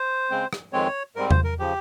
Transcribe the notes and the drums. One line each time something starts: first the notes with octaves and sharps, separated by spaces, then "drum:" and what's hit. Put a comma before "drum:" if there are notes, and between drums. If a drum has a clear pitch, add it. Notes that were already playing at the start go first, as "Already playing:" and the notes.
Already playing: C5
C#3 G#3 C4
drum: rim click
F2 D#3 G#3 C4 C#5
G#2 G3 C4 A#4
C5, drum: tom E2
A#4
C#3 F3 G4